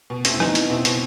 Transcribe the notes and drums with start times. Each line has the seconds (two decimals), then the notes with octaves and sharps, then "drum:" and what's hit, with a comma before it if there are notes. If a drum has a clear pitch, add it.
0.10 B2
0.25 B2 A3 C4, drum: hi-hat
0.33 E4
0.40 E3 B3 D#4, drum: rim click
0.55 E3, drum: hi-hat
0.70 B2 C4 E4
0.85 B2, drum: hi-hat